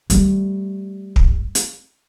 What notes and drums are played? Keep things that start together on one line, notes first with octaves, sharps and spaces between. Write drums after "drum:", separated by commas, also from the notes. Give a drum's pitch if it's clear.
G3 A3, drum: hi-hat
drum: kick
drum: hi-hat